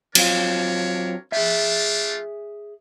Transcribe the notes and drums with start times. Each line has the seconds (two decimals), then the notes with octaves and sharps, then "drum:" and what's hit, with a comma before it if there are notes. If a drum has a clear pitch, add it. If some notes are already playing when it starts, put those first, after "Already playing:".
0.15 F#3 C4 D4 F4 A#4 C#5, drum: cymbal
1.32 A3 D4 F4 G#4 E5